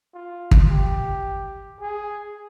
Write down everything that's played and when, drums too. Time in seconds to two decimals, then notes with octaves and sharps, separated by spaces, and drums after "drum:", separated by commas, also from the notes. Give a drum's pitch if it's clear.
0.15 F4
0.51 drum: kick
0.70 G4
1.81 G#4